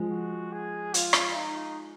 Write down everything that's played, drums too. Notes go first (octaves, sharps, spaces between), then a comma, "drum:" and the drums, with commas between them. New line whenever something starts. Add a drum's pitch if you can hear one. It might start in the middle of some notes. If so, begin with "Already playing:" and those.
Already playing: F3 G#3
F#4
G#4
F4, drum: hi-hat
drum: rim click
D#4